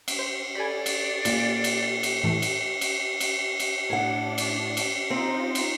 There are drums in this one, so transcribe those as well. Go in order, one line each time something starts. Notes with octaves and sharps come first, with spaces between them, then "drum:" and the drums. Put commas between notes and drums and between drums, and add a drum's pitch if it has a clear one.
drum: cymbal
C5
G4 A4 D5 G#5 B5
drum: cymbal
A#2, drum: cymbal
drum: cymbal
drum: cymbal
A2 E3 A3
drum: cymbal
drum: cymbal
drum: cymbal
drum: cymbal
A2 D4 D5 F#5
drum: cymbal
drum: cymbal
C4 D#4 F4 C5
drum: cymbal